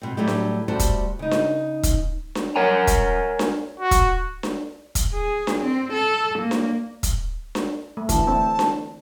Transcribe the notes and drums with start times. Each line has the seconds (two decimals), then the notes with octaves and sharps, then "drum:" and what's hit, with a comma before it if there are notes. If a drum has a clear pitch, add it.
0.02 B2 C4
0.17 A2 D3 F#3 G3 A3 G4
0.27 drum: snare D4
0.68 D2 G3 F#4 C5 D5 A5
0.79 drum: kick, hi-hat
1.19 C#3 D#4
1.31 drum: snare D4
1.83 drum: kick, hi-hat
2.35 drum: snare D4
2.56 A#4 C#5 F#5 G#5 A#5
2.87 drum: kick, hi-hat
3.39 drum: snare D4
3.80 F#4
3.91 drum: kick, hi-hat
4.43 drum: snare D4
4.95 drum: kick, hi-hat
5.14 G#4
5.47 drum: snare D4
5.61 C4
5.93 A4
6.39 A#3
6.51 drum: snare D4
7.03 drum: kick, hi-hat
7.55 drum: snare D4
7.97 A3
8.09 D3 E3 A5, drum: kick, hi-hat
8.27 A3 C4
8.59 drum: snare D4